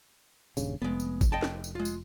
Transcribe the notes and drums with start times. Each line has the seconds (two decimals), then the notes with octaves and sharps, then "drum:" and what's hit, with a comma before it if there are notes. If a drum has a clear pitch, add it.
0.57 D#1 G2 C#3, drum: tambourine
0.82 F1 G#3 B3
1.00 drum: tambourine
1.21 drum: kick, tambourine
1.32 D#5 G5 A5
1.42 drum: snare
1.64 drum: tambourine
1.75 G#3 F4
1.85 drum: tambourine